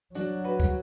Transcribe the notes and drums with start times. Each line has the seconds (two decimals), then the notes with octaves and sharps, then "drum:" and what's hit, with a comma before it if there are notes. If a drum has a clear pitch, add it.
0.15 F#3 D4 F#4, drum: tambourine
0.44 F#4 B4
0.60 drum: kick, tambourine